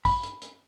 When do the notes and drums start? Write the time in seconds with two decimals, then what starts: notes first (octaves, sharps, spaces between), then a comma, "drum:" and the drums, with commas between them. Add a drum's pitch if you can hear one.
0.05 B5, drum: kick, open hi-hat
0.23 drum: hi-hat
0.42 drum: hi-hat